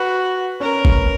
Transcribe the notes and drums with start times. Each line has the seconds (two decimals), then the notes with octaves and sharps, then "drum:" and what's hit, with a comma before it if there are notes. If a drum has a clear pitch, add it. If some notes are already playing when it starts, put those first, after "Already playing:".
Already playing: F#4 B4
0.60 C#4 A#4
0.85 drum: kick G1